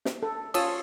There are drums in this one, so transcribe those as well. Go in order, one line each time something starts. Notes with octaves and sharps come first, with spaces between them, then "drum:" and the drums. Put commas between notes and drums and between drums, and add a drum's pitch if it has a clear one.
drum: snare
A4
F4 C#5 A5 D#6 E6, drum: cymbal